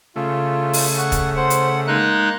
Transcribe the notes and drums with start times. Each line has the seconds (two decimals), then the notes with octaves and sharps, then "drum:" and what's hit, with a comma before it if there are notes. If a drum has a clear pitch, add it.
0.16 C#3 A3 F4
0.73 drum: open hi-hat
0.98 F#5 C#6
1.12 drum: kick, hi-hat
1.36 C5 F#5
1.50 drum: hi-hat
1.87 G#3 A#3 D#4 F#6